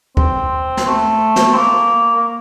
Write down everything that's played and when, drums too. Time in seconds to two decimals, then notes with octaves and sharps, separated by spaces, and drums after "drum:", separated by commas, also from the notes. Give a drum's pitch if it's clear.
0.17 C4, drum: kick D2
0.77 drum: snare
0.87 A3
1.36 drum: snare
1.53 C4
1.57 A#3
2.15 A#3